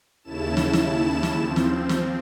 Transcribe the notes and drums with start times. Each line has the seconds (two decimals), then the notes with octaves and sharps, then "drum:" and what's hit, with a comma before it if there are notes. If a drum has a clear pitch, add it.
0.24 D#2 C#3 E4 A5 E7
0.57 drum: snare
0.73 drum: snare
1.23 drum: snare
1.40 F3 C4
1.56 drum: snare
1.89 drum: snare